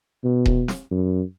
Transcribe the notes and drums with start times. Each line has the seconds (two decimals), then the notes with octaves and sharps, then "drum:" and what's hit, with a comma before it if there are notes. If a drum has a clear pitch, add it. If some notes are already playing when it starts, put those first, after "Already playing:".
0.24 B2
0.46 drum: kick D#1
0.68 drum: snare
0.91 F#2